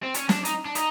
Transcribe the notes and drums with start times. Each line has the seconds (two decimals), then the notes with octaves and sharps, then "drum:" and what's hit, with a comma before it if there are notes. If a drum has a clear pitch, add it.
0.03 C4
0.14 C#4, drum: hi-hat
0.29 D4, drum: snare
0.45 D#4, drum: hi-hat
0.65 D4
0.75 D#4, drum: hi-hat